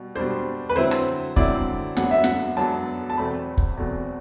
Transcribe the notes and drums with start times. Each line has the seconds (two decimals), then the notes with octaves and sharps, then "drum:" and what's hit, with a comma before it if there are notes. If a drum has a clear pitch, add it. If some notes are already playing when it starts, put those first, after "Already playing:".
Already playing: B2 G3
0.15 B2 G3 D4 C5
0.70 B4
0.76 D3 F#3 C4 E4 C5
0.91 drum: rim click
1.36 D3 F#3 C4 E4 D5, drum: kick
1.97 F#2 F#3 B3 D4 F#5, drum: snare
2.11 E5
2.24 F#5, drum: snare
2.57 F#2 F#3 B3 D4 A5
3.10 A5
3.18 E2 B2 A3 C4 B5
3.57 drum: kick
3.77 E2 B2 A3 C4